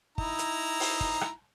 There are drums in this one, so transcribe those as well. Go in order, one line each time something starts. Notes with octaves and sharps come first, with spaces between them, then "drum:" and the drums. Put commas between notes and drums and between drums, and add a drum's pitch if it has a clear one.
D#4 E4 A#5, drum: kick G1
drum: hi-hat
drum: open hi-hat
drum: kick G1
drum: rim click